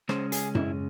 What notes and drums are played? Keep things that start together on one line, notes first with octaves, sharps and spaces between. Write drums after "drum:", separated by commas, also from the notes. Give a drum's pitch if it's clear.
C#3 G#3 C#4 C5, drum: rim click
G#4, drum: hi-hat
E4, drum: tom F#2